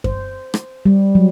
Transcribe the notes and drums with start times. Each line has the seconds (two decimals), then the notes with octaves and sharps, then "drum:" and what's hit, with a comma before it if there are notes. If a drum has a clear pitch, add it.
0.04 C5, drum: kick F#2
0.54 drum: rim click
0.86 G3
1.15 F#3